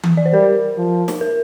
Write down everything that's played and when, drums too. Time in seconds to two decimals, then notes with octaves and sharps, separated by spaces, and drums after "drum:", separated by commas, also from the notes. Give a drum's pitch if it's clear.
0.03 drum: tom E3
0.17 D5
0.26 C5
0.33 G3 A#4
0.77 F3
1.08 drum: snare
1.21 A#4